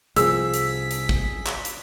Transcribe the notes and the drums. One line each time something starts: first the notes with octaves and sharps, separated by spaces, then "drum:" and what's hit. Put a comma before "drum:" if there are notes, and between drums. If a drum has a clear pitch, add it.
C2 F3 G#4 E6 B6, drum: hi-hat
drum: hi-hat
drum: hi-hat
drum: kick
drum: clap
drum: hi-hat